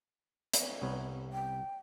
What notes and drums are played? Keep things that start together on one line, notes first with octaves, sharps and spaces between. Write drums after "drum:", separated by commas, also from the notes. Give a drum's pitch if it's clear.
drum: hi-hat
C2 C3 B3 C#5
G5